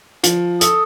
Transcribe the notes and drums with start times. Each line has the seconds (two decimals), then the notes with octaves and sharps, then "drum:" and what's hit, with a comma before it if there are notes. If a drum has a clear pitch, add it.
0.24 F3, drum: hi-hat
0.61 A4 D#6, drum: hi-hat